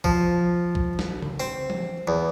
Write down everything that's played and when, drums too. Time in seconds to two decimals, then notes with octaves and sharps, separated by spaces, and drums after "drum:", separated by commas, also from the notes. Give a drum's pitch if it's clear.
0.04 F3, drum: kick B1
0.75 drum: kick B1
0.99 drum: snare
1.22 drum: tom C#3
1.40 C4
1.70 drum: tom F3
2.08 E2